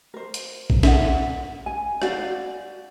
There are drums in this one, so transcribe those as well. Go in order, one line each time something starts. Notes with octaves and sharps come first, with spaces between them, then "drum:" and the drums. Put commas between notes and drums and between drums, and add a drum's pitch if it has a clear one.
A#4 C5
drum: hi-hat
drum: kick A#1
E5 F#5, drum: snare
G#5
F#4 D5 F5, drum: rim click